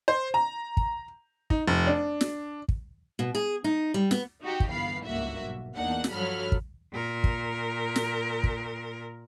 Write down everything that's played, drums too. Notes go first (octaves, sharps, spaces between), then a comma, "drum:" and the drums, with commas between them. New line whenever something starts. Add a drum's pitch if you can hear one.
C5
A#5
drum: kick
D#4, drum: kick
F1
D4
drum: snare
drum: kick
B2
G#4
D#4
G3
B3, drum: snare
D#4 F#4 G4
drum: kick
G1 E3 B3 F5 B5 C7
G1 C#2 G#2 A#3 F#4 E5
B1
E2 A#3 D4 D#4 F#5
drum: snare
G2 F3 F#3 A4 B5 F6
drum: kick
A#2 A#4
drum: kick
drum: snare
drum: kick